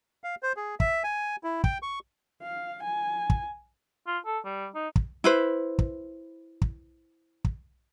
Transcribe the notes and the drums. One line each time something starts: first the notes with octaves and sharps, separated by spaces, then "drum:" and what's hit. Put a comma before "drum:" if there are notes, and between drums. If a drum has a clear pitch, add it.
F5
C5
G#4
E5, drum: kick
G#5
E4
G5, drum: kick
C#6
F5
G#5
drum: kick
F4
A4
G3
D#4
drum: kick
E4 B4 C5
drum: kick
drum: kick
drum: kick